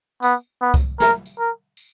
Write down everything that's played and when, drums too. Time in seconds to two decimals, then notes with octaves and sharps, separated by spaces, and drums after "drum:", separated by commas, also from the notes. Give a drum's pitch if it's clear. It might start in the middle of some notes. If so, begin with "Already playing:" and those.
0.22 B3, drum: tambourine
0.61 B3
0.74 drum: kick C2, tambourine
1.00 A#4, drum: snare
1.26 drum: tambourine
1.39 A#4
1.77 drum: tambourine